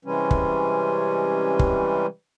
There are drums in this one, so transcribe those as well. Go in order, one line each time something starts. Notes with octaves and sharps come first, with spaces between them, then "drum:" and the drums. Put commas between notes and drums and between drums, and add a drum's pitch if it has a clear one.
C3 E3 G3 G#3 C#4
drum: kick
drum: kick